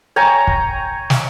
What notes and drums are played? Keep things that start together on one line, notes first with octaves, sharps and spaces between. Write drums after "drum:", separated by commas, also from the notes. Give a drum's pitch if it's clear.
C#5 G5 G#5 A#5
drum: kick
drum: snare